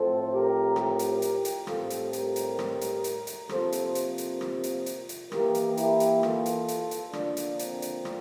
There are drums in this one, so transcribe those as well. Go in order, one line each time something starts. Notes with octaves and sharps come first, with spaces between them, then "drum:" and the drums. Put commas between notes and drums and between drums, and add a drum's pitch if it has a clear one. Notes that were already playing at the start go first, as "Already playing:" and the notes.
Already playing: A2 F3 C4 A4 C5
G4 A#4
G4 A#4, drum: rim click
drum: hi-hat
drum: hi-hat
drum: hi-hat
A2 G3 C4 F4 A4, drum: rim click
drum: hi-hat
G4 A#4, drum: hi-hat
drum: hi-hat
drum: rim click
drum: hi-hat
drum: hi-hat
drum: hi-hat
C3 F3 A#3 A4 C5, drum: rim click
drum: hi-hat
drum: hi-hat
drum: hi-hat
drum: rim click
drum: hi-hat
drum: hi-hat
drum: hi-hat
E3 A#3 G4 A#4, drum: rim click
drum: hi-hat
E4 G4, drum: hi-hat
drum: hi-hat
F4 A4, drum: rim click
drum: hi-hat
drum: hi-hat
drum: hi-hat
D3 F3 A#3 D4, drum: rim click
drum: hi-hat
C4, drum: hi-hat
drum: hi-hat
drum: rim click